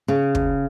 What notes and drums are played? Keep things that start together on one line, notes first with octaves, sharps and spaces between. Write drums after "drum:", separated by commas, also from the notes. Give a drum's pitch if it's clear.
C#3
drum: kick